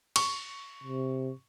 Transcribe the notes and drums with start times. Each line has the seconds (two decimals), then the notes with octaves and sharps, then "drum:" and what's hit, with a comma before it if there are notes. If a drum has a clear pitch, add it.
0.16 C#6, drum: cymbal
0.84 C3